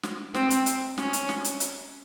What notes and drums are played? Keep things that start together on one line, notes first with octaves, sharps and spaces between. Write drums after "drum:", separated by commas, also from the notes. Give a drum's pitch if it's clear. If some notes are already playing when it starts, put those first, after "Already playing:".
drum: snare
C4, drum: snare
drum: hi-hat
drum: hi-hat
C#4, drum: snare
drum: hi-hat
drum: snare
drum: hi-hat
drum: hi-hat